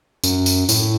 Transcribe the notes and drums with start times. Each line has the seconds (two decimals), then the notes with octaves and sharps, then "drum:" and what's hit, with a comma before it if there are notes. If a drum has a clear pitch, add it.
0.24 F#2, drum: tambourine
0.46 drum: tambourine
0.69 A2, drum: tambourine